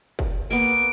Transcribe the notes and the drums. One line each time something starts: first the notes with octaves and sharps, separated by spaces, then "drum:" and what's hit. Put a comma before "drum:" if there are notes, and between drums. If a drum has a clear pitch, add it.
drum: kick
A#3 B3 D7